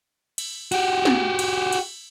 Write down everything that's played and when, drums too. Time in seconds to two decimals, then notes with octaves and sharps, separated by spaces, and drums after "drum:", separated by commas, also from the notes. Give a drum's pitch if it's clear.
0.38 drum: cymbal
0.72 F#4 G4, drum: cymbal
1.05 drum: snare
1.39 drum: cymbal
1.73 drum: cymbal